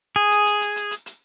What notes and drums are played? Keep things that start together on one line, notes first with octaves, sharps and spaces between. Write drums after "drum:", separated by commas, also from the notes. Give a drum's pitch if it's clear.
G#4
drum: hi-hat
drum: hi-hat
drum: hi-hat
drum: hi-hat
drum: hi-hat
drum: hi-hat